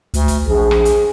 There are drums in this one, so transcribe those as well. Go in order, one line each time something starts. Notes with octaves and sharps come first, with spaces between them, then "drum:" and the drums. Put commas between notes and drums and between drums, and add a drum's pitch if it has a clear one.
D2, drum: hi-hat
drum: kick, hi-hat
A#1 G#4
drum: rim click
drum: hi-hat